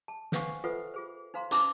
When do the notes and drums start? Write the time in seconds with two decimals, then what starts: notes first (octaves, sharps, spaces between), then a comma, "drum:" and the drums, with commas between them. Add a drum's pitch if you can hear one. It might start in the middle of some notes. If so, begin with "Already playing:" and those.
0.08 A5
0.32 B4 C5 F5 F#5 G#5 C#6, drum: snare
0.64 F4 A4 B4 C5 E5 F#5
0.94 F4 G#4 C5
1.34 D#4 C5 F5 A#5 C6
1.51 C#4 D#4 C5 A5 A#5 D6, drum: hi-hat